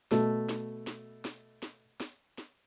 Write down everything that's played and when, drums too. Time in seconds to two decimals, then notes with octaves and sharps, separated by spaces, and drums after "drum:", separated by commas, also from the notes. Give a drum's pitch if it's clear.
0.11 B2 A3, drum: snare
0.49 drum: snare
0.87 drum: snare
1.25 drum: snare
1.63 drum: snare
2.00 drum: snare
2.38 drum: snare